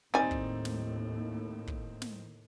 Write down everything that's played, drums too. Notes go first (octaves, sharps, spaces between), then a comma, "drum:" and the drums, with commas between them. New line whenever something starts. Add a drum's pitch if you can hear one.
D#2 A2 G3 C4 D#4 G#5 A6
drum: kick
drum: snare
drum: kick
drum: snare